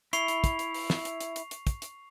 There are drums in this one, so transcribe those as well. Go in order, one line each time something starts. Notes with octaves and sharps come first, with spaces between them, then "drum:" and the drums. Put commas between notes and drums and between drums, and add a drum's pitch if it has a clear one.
E4 C#6 C7 F7, drum: hi-hat
drum: hi-hat
drum: kick, hi-hat
drum: hi-hat
drum: open hi-hat
drum: snare
drum: hi-hat
drum: hi-hat
drum: hi-hat
drum: hi-hat
drum: kick, hi-hat
drum: hi-hat